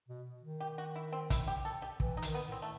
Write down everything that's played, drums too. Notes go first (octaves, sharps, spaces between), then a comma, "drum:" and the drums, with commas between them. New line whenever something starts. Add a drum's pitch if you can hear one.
B2
D#3
G4
F#4
E4
C4
E4, drum: kick, hi-hat
G4
A4
G4
E3, drum: kick
D#4
D#3, drum: hi-hat
B3
A2
C4
A3